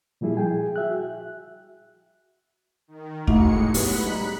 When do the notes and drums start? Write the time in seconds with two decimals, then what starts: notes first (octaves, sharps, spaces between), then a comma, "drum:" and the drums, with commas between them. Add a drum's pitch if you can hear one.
0.21 A#2 F3 G3 E4 G#4
0.37 G#4 G5 G#5
0.76 F#4 E5 F#6
2.88 D#3
3.27 A2 G#3 A3 D#4 E4 F#4 C#7, drum: kick
3.74 F#3 B3 G4 B5 F#6, drum: open hi-hat
4.06 G3 D#4